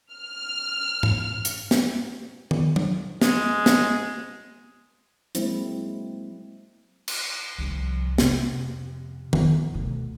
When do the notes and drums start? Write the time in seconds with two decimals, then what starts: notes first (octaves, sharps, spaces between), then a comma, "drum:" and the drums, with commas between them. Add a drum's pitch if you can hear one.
0.13 F6
1.03 drum: tom G#2
1.45 drum: hi-hat
1.71 drum: snare
2.51 drum: tom D#3
2.76 drum: tom
3.22 G#3, drum: snare
3.66 drum: snare
5.35 F#3 G#3 A#3 C4 E4, drum: hi-hat
7.08 drum: cymbal
7.58 C2 F3
8.18 F2 C3, drum: snare
9.33 F2, drum: tom D#3
9.74 D2 B2